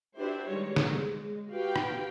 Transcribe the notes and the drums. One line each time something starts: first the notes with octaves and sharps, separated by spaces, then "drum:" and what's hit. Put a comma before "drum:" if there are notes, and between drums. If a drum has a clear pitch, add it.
D4 E4 F#4 G4 B4 C5
D#3 G3 G#3 C#5
G#3, drum: snare
F#4 G4 B4 F5 G5
drum: rim click